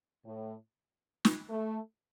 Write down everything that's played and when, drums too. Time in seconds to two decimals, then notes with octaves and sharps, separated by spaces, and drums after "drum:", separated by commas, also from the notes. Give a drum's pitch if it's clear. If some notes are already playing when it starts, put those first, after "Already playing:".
0.25 A2
1.25 drum: snare
1.49 A3